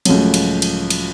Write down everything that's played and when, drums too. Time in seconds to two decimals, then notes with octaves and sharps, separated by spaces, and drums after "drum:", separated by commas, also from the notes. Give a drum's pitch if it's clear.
0.05 C#2 A2 F3 F#3, drum: cymbal
0.34 drum: cymbal
0.62 drum: cymbal
0.90 drum: cymbal